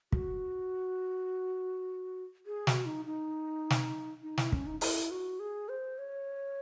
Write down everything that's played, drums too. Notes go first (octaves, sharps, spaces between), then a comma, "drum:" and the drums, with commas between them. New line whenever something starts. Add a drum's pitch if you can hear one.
F#4, drum: kick
G#4
F#4, drum: snare
D#4
D#4
drum: snare
D#4
E4, drum: snare
C#4, drum: kick
D#4
E4, drum: open hi-hat
F#4
G#4
C5
C#5